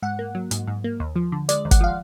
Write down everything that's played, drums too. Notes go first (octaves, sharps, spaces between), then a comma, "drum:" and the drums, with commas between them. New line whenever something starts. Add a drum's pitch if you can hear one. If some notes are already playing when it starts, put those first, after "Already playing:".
G#2 F#5
A#3
F#3
G#2, drum: hi-hat
G#2
A#3
D#2
F3
D3
G#3 D5, drum: hi-hat
D#2
F#5, drum: kick G1, hi-hat
F3 F5